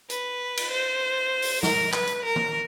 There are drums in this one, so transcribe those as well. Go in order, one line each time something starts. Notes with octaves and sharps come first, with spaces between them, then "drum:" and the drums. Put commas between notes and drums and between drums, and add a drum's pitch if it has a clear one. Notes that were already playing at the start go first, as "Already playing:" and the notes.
B4, drum: hi-hat
drum: cymbal
C5
drum: open hi-hat
A#4, drum: snare
B4, drum: clap
drum: hi-hat
A#4
drum: tom D#3